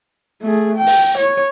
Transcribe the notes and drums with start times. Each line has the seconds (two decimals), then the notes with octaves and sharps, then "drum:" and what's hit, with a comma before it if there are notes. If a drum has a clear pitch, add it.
0.42 A3 G#4
0.76 G5
0.86 drum: open hi-hat
1.17 C#5